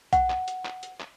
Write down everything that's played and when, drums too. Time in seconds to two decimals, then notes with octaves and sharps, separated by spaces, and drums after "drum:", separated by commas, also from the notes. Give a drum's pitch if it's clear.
0.13 F#5, drum: kick B1, hi-hat
0.30 drum: clap
0.48 drum: hi-hat
0.65 drum: clap
0.83 drum: hi-hat
1.00 drum: clap